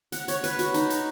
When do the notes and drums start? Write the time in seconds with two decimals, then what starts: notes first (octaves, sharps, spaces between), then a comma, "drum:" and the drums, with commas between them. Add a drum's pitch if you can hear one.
0.12 F#5, drum: hi-hat
0.28 C#5, drum: hi-hat
0.44 B4, drum: hi-hat
0.59 F#4, drum: hi-hat
0.74 D#4, drum: hi-hat
0.90 drum: hi-hat